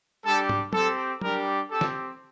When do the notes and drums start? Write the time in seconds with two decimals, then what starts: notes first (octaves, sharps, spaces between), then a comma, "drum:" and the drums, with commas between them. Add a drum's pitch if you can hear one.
0.24 G3 D4 G4 A4
0.49 drum: tom
0.73 C4 G4 A4, drum: tom
1.21 G3 D4 G4 A#4, drum: tom
1.70 C4 G4 A4
1.81 drum: snare